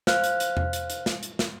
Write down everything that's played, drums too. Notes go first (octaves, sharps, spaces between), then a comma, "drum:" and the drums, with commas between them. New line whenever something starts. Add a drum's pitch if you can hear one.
C5 F5 F6 F#6, drum: snare
drum: hi-hat
drum: hi-hat
drum: tom E2
drum: hi-hat
drum: hi-hat
drum: snare
drum: hi-hat
drum: snare